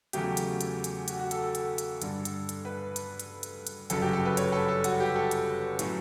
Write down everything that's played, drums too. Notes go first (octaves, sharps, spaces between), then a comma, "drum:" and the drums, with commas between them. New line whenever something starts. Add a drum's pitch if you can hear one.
E2 C#3 F#3 A3 G4, drum: hi-hat
drum: hi-hat
drum: hi-hat
drum: hi-hat
F#4, drum: hi-hat
F#4
A4, drum: hi-hat
A4
drum: hi-hat
drum: hi-hat
G2 D3 G3, drum: hi-hat
drum: hi-hat
drum: hi-hat
B4
drum: hi-hat
drum: hi-hat
drum: hi-hat
drum: hi-hat
G1 F#2 C#3 F#3 A4, drum: hi-hat
G4
A4
B4
C#5, drum: hi-hat
A4
A4
F#4, drum: hi-hat
G4
A4
drum: hi-hat
A2 F#3 C#4, drum: hi-hat